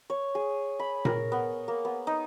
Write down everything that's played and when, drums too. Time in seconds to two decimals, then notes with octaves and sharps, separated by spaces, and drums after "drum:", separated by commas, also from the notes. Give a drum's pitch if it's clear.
0.10 C#5
0.35 G#4
0.79 B5
1.05 A#4, drum: tom A#2
1.32 B3
1.68 A#3
1.85 B3
2.07 D#4